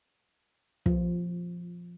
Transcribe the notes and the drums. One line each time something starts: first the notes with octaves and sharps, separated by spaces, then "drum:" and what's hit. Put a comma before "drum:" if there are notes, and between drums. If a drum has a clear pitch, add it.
F3, drum: kick